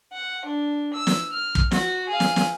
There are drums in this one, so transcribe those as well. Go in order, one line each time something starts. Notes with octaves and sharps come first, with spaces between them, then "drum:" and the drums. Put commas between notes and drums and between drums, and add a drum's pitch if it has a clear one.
F#5
D4
E6
drum: snare
F6
drum: kick
F#4, drum: snare
G#4 F5
drum: snare
drum: snare